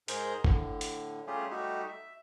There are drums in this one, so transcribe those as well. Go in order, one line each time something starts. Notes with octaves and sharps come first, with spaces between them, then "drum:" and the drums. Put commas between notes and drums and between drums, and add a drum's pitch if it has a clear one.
G#2 G#4 A#4 C5 A#5 G6, drum: hi-hat
A2 D3, drum: kick G1
drum: hi-hat
G3 A3 C#4 F4 G4 G#4
G3 A3 D#4 F#4 G4
E5